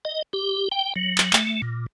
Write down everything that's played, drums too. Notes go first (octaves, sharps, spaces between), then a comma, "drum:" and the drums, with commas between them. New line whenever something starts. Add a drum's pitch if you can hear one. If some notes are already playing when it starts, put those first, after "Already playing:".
D#5
G4
G5
F#3
drum: clap
A3, drum: clap
A#2